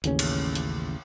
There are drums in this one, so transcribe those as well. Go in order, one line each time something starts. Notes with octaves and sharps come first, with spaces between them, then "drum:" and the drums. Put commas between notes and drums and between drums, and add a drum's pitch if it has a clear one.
A1 D#2 C#3 C#4, drum: hi-hat
drum: cymbal
drum: hi-hat